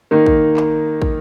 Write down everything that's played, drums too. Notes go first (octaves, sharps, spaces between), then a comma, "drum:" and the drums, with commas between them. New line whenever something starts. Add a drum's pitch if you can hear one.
D#3 A#3 D#4
drum: kick
drum: clap
drum: kick